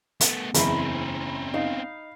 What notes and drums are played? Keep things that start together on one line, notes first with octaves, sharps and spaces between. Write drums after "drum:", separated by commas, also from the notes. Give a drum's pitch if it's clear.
A3 B3, drum: hi-hat
F#1 E2 C4 C#4 E4 B5 B6, drum: hi-hat
D#4 F5